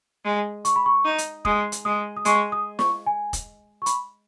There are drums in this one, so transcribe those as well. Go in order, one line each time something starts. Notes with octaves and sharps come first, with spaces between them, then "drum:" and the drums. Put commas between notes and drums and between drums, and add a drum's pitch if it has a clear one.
G#3
C#6, drum: hi-hat
B5
C#6
D#4
drum: hi-hat
G#3 D#6, drum: kick E1
drum: hi-hat
G#3 D#6
D#6
G#3 C#6, drum: hi-hat
D#6
C#6, drum: snare
G#5
drum: kick E1, hi-hat
C#6
B5, drum: hi-hat